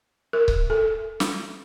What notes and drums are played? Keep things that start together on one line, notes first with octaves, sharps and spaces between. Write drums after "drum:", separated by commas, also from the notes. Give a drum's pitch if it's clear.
A#4
drum: kick C#1
A4
drum: snare